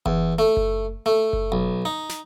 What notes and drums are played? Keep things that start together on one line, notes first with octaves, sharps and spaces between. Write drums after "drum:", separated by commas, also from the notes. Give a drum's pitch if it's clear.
E2, drum: kick F#1
A3
drum: kick F#1
A3
drum: kick F#1
B1
D#4
drum: snare